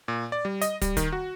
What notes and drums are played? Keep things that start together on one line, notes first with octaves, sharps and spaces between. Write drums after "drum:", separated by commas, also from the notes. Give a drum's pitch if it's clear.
A#2
D5
G3
D#5, drum: hi-hat
G3, drum: kick, hi-hat
D#3, drum: kick, hi-hat
F#4